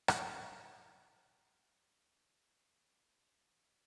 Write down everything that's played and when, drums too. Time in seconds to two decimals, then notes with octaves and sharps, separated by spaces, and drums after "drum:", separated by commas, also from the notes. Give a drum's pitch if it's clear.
0.08 drum: rim click
0.53 A5
0.69 G5
0.83 E5
1.41 G5
1.53 G5
1.64 D5
1.86 E5
2.08 E5
2.31 D5
2.41 A5
2.52 E5
2.63 D5
2.74 G4
3.18 E4
3.33 E4
3.48 D5
3.62 E5